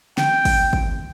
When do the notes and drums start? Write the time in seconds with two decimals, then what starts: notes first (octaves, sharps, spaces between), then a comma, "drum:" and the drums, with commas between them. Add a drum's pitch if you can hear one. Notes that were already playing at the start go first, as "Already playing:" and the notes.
0.18 G5, drum: snare
0.45 drum: kick, open hi-hat
0.73 drum: kick